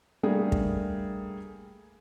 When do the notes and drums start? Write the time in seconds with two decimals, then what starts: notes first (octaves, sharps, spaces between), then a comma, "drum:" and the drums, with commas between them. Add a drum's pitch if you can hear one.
0.23 G3 A3 A#3 D4 G#4
0.52 drum: kick